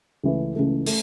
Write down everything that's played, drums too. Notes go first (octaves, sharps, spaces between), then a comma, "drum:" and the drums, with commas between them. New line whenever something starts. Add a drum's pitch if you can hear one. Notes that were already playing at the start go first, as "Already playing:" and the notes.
C#2 C#3 E3 A3
C#2 C#3 E3 A3
A3, drum: open hi-hat